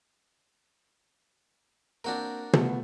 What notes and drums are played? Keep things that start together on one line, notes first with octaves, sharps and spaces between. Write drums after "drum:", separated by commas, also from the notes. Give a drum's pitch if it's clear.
A#3 C4 D4 F#4 A#4
F3 A3 B3, drum: tom